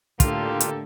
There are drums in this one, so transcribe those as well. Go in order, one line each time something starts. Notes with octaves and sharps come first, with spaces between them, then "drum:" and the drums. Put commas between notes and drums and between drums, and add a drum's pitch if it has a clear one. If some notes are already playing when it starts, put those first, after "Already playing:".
A2 D3 A#3 F4 G4 A4, drum: kick, hi-hat
drum: hi-hat